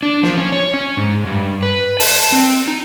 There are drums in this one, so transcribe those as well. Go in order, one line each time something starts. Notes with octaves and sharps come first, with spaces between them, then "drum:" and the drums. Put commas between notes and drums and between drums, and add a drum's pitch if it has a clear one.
D4
F3, drum: snare
C#4
C#5
C#4
G#2
G2
B4
A5, drum: open hi-hat
C4
D#4